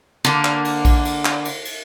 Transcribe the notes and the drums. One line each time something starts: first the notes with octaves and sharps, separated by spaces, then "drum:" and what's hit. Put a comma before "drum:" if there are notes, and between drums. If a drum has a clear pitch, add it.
D3 A#3
drum: clap
drum: cymbal
drum: kick A#1, cymbal
drum: cymbal
drum: clap
drum: cymbal
drum: cymbal